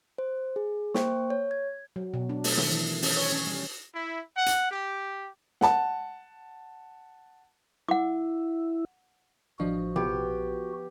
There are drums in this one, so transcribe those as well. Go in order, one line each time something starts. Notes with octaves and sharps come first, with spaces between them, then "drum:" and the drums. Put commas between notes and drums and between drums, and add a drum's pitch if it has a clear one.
C5
G#4
A#3 C5 G5 C#6, drum: snare
C#5
G#6
F#3
B2
D4
A3, drum: open hi-hat
D#3, drum: snare
E3
C#4, drum: open hi-hat
C#5
C#4
G3
E4
F#5
drum: hi-hat
G4
F#5 A5, drum: snare
E4 F#5 D6
A1 F3 D4 F#4 D#5
A#1 B3 F4 G4, drum: tom C3